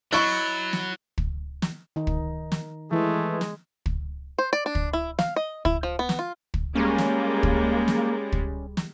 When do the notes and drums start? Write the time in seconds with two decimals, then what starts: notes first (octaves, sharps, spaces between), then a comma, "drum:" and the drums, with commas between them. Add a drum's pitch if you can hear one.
0.12 F#3 E4 D#5 C#6 F#6 A6
0.73 drum: snare
1.18 drum: kick
1.62 drum: snare
1.96 D#3 D#4
2.07 drum: kick
2.52 drum: snare
2.91 E3 G#3 A3
3.41 drum: snare
3.86 drum: kick
4.39 C5
4.53 D5
4.66 D4
4.75 drum: kick
4.93 E4
5.19 F5, drum: snare
5.36 D#5
5.65 E4, drum: kick
5.83 F3
5.99 B3
6.09 drum: snare
6.19 F4
6.54 drum: kick
6.75 G3 G#3 A#3 C#4
6.98 drum: snare
7.43 drum: kick
7.88 drum: snare
8.32 drum: kick
8.77 drum: snare